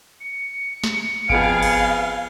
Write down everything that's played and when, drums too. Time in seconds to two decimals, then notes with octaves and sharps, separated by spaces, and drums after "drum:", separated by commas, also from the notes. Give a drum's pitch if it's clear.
0.20 C#7
0.84 drum: snare
1.30 F2 B3 G#4 F5 D7, drum: kick G1
1.62 drum: cymbal